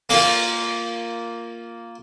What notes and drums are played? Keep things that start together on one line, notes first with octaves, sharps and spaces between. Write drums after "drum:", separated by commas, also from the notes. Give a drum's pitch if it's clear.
A#3 F4, drum: open hi-hat